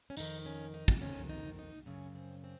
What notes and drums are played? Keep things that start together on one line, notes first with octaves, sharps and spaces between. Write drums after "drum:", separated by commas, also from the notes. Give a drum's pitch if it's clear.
C#4
F2 D#3 D#4, drum: tambourine
C#4
D#4
drum: kick
F2 D#3 C#4
D#4
D#4
F#2 C#3 C#4
C4
C4